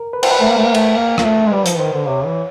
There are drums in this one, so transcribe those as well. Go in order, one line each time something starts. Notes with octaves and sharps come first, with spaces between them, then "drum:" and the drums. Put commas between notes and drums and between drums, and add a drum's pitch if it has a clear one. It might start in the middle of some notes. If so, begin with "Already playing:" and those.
Already playing: A#4
B4
C5, drum: cymbal
B4
A3 A#4
A#3
A3
A#3
A3, drum: cymbal
A#3
A#3, drum: rim click
A3
G#3
G3 B4
F3, drum: hi-hat
D#3 C5
D3
C3 C#5
E3